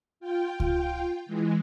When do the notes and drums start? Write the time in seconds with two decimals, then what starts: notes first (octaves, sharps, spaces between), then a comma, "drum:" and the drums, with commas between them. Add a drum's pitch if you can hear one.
0.20 F4 G5
0.60 drum: kick C#2
1.26 E3 G#3